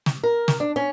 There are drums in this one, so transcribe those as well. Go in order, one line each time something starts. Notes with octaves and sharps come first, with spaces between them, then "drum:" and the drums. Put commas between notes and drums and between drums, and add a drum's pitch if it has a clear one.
drum: snare
A#4
drum: snare
D4
C#4